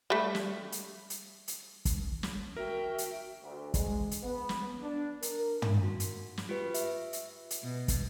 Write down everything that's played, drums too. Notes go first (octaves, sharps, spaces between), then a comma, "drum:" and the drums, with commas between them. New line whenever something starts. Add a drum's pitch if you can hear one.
G3 A3
drum: snare
drum: hi-hat
drum: hi-hat
drum: hi-hat
drum: kick, hi-hat
drum: snare
F#4 A#4 E5 G5
drum: hi-hat
D2
G#3, drum: kick, hi-hat
drum: hi-hat
B3
drum: snare
D4
A#4, drum: hi-hat
drum: tom
F#4
drum: hi-hat
drum: snare
F4 G4 B4
E5, drum: hi-hat
drum: hi-hat
drum: hi-hat
B2
drum: kick, hi-hat